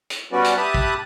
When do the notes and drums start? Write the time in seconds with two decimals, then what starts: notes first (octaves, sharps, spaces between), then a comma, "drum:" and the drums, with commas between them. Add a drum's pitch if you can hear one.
0.10 drum: hi-hat
0.32 G3 B3 C#4 F#4 B4 D5
0.44 drum: hi-hat
0.57 G4 E5 A5 B5 D#6 F#6
0.74 drum: kick